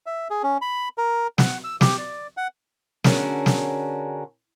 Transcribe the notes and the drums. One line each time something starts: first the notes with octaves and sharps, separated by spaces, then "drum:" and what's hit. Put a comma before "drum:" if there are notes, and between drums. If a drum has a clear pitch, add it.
E5
G#4
C#4
B5
A#4
F#5, drum: snare
E6
G4, drum: snare
D5
F#5
D3 C#4 D4 F#4 G#4 A#4, drum: snare
drum: snare